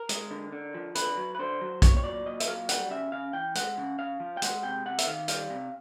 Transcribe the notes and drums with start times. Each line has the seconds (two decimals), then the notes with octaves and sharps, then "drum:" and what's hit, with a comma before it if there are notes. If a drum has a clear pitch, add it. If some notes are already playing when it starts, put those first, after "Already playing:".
Already playing: A#4
0.09 G#3, drum: hi-hat
0.31 D3
0.53 D3
0.75 F3
0.95 D3 B4, drum: hi-hat
1.17 F#3
1.35 B4
1.39 D3 C5
1.61 F#3
1.82 A#2 C#5, drum: kick A#1, hi-hat
1.97 C#5
2.04 F#3 D5
2.26 A#2 D#5
2.40 E5, drum: hi-hat
2.47 F#3 F5
2.69 G3 F#5, drum: hi-hat
2.90 C#3 E5
3.12 C#3 F5
3.33 E3 G5
3.55 G#3 F#5, drum: hi-hat
3.78 C#3
3.99 C#3 F5
4.20 F3
4.37 G5
4.42 G#3 F#5, drum: hi-hat
4.63 C3 G5
4.86 C3 F#5
4.98 E5, drum: hi-hat
5.07 D#3 F5
5.28 G3 F5, drum: hi-hat
5.50 C3